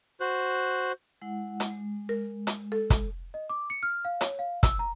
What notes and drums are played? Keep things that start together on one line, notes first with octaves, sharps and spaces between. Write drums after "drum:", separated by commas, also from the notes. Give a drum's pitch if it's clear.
F#4 C5 F#6
G#3 E4 F#5
drum: hi-hat
G#3
A#4
drum: hi-hat
A4
drum: kick, hi-hat
D#5
D6
C#7
F6
F5
C#5, drum: hi-hat
F5
E6, drum: kick, hi-hat
A#5